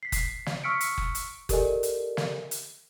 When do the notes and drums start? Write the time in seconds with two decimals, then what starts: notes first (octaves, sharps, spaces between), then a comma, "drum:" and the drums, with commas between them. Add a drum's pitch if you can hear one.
0.03 B6 C7
0.12 drum: kick F#1, hi-hat
0.46 drum: snare
0.63 C#6 E6 F6 B6 C#7 D7
0.81 drum: hi-hat
0.98 drum: kick F#1
1.15 drum: hi-hat
1.49 G4 A4 A#4 D5 D#5 G#5, drum: kick F#1, hi-hat
1.83 drum: hi-hat
2.17 drum: snare
2.51 drum: hi-hat